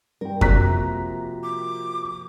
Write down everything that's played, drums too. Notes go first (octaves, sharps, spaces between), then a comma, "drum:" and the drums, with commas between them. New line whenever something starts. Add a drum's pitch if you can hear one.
G2 A#4 G5
C3 F3 A#3 F#4 A#4 A#5 F#6 B6, drum: kick F2
D6